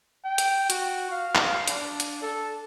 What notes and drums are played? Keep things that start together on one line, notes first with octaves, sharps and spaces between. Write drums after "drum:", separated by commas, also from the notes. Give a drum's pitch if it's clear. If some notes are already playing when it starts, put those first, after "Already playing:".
G5
drum: hi-hat
F#4, drum: hi-hat
F5
drum: clap
D4, drum: hi-hat
drum: hi-hat
A4